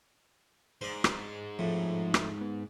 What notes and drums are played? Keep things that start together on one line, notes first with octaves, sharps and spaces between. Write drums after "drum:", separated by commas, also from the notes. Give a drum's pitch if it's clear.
G#2 C5 D5
drum: rim click
F2 A2 F3
drum: rim click
B3